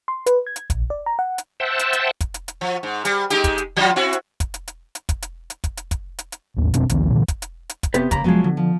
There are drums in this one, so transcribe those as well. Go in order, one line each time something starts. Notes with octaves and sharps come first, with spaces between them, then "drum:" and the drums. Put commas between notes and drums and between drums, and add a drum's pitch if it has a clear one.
C6
B4, drum: hi-hat
G#6
drum: hi-hat
A#1, drum: kick, hi-hat
D5
A#5
F#5
drum: hi-hat
C5 E5 F#5 G5 A5
drum: hi-hat
drum: hi-hat
drum: kick, hi-hat
drum: hi-hat
drum: hi-hat
F3
G#2
G3, drum: hi-hat
G#3 D#4 G4, drum: hi-hat
drum: kick, hi-hat
drum: hi-hat
F3 F#3 F4
C4 E4 F#4
drum: hi-hat
drum: kick, hi-hat
drum: hi-hat
drum: hi-hat
drum: hi-hat
drum: kick, hi-hat
drum: hi-hat
drum: hi-hat
drum: kick, hi-hat
drum: hi-hat
drum: kick, hi-hat
drum: hi-hat
drum: hi-hat
A1 D#2
F1 B2 C4 D4, drum: hi-hat
A#1 D#2 D#3 B3, drum: hi-hat
A#2 D3 E3
drum: kick, hi-hat
drum: hi-hat
drum: hi-hat
drum: kick, hi-hat
C3 B3 G4 B4, drum: hi-hat
C#3 A#3 A#5 B5, drum: kick, hi-hat
C2 F3 F#3 G#3 B3
D3
F3